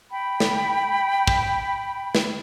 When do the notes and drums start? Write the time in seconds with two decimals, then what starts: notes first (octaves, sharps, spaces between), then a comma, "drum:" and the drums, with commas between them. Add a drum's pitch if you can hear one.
0.11 G5 B5
0.40 drum: snare
1.27 drum: kick
2.15 drum: snare